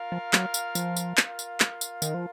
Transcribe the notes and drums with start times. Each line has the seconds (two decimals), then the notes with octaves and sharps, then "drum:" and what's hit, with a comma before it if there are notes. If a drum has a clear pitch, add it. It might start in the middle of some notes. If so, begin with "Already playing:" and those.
Already playing: F4 A#4 F5
0.12 F3
0.33 F#3, drum: clap
0.54 drum: tambourine
0.75 F3, drum: tambourine
0.96 drum: tambourine
1.17 F4 A#4 F5, drum: clap
1.39 drum: tambourine
1.60 drum: clap
1.81 drum: tambourine
2.02 D#3, drum: tambourine
2.14 F3